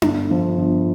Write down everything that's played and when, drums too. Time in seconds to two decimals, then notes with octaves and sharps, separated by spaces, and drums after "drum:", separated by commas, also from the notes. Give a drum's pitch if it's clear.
0.02 G1, drum: tom D4
0.30 F3
0.57 G1